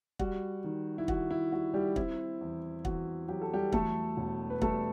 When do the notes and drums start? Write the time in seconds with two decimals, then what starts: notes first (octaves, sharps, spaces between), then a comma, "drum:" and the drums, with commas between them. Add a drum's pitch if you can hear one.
0.19 G3 F#4, drum: kick
0.64 D#3
0.98 E4
1.08 D#3 F#4, drum: kick
1.31 E4
1.52 G3 F#4
1.74 G3 G4
1.96 C4 E4, drum: kick
2.41 E2
2.85 E2 F#4, drum: kick
3.28 F#3 G4
3.42 A4
3.53 G3 G4
3.72 E2 A3 A4, drum: kick
4.17 E1
4.50 B4
4.62 G3 A3 A4, drum: kick